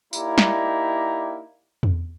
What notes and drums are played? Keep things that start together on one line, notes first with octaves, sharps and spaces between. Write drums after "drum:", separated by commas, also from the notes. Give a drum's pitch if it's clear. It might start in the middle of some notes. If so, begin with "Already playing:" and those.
A#3 D#4 E4 G4 D5 A#5, drum: tambourine
drum: snare
drum: tom E2